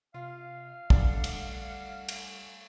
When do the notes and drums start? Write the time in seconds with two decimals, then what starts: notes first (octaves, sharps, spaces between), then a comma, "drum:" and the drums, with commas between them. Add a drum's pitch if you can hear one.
0.14 C3 F4 F5
0.90 G3 A3 D4 A4 F#5, drum: kick
1.24 drum: cymbal
2.09 drum: cymbal